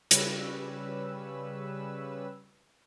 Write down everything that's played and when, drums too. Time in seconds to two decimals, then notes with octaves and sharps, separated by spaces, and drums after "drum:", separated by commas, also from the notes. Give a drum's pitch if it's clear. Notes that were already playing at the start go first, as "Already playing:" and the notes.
0.11 C#3 G3 B4 C#5 E6, drum: hi-hat